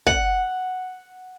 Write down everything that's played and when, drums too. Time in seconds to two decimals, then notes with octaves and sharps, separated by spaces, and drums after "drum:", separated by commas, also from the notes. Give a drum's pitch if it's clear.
0.07 F#5, drum: kick